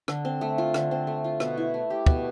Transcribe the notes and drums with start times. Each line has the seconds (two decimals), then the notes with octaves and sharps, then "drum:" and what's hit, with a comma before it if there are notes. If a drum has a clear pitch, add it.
0.08 D3, drum: rim click
0.25 C4
0.41 A3
0.58 F4
0.74 D3, drum: rim click
0.91 C4
1.07 A3
1.24 F4
1.40 B2, drum: rim click
1.57 E4
1.74 A3
1.90 G4
2.06 B2, drum: kick